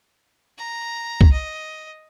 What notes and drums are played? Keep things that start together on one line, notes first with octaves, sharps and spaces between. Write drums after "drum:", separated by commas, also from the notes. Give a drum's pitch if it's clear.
A#5
drum: kick
D#5